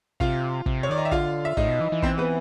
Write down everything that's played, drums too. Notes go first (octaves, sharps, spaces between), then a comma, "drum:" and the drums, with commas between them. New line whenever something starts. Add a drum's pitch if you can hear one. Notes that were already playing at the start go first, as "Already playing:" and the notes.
C3 F4 F5, drum: kick
C3, drum: kick
C#5
D#3 D5
D#5
E5
D3 F4 F5, drum: kick
E5
A2 D#4 D#5, drum: kick
B2
E3
E3
C4 C5, drum: kick
B3 B4